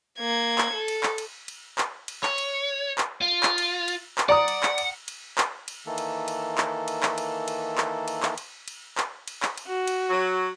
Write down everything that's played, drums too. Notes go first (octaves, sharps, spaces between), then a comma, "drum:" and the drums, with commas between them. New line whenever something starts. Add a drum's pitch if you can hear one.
A#3 G#6
drum: clap
A4
drum: cymbal
drum: clap
drum: cymbal
drum: cymbal
drum: clap
drum: cymbal
C#5, drum: clap
drum: cymbal
drum: clap
F4
drum: clap
drum: cymbal
drum: cymbal
drum: clap
D5 F#5 A#5 D#6
drum: cymbal
drum: clap
drum: cymbal
drum: cymbal
drum: clap
drum: cymbal
D#3 E3 A#3 A4
drum: cymbal
drum: cymbal
drum: clap
drum: cymbal
drum: clap
drum: cymbal
drum: cymbal
drum: clap
drum: cymbal
drum: clap
drum: cymbal
drum: cymbal
drum: clap
drum: cymbal
drum: clap
drum: cymbal
F#4
drum: cymbal
F#3